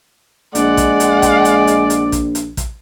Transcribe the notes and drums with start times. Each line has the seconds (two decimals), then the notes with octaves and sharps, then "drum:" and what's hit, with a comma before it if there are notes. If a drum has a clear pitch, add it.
0.55 A#1 G#3 D5 F#5, drum: hi-hat
0.77 drum: kick, hi-hat
1.00 drum: hi-hat
1.22 drum: kick, hi-hat
1.45 drum: hi-hat
1.67 drum: hi-hat
1.90 drum: hi-hat
2.12 drum: kick, hi-hat
2.35 drum: hi-hat
2.57 drum: kick, hi-hat